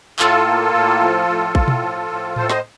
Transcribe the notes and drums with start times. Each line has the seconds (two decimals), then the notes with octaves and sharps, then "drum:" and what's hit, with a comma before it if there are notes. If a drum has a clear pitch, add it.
0.19 A2 F4 A4, drum: clap
0.47 A#3
0.74 A2
1.00 F3
1.28 A2
1.55 A2, drum: kick
1.68 drum: tom B2
1.82 F3
2.09 A2
2.36 A2 A4 C5, drum: tom A2
2.50 C5 D#5, drum: snare